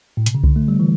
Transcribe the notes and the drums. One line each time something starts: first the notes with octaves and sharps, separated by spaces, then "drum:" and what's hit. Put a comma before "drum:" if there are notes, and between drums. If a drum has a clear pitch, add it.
A2
B2, drum: hi-hat
C#3
D3, drum: kick C2
A3
G3
E3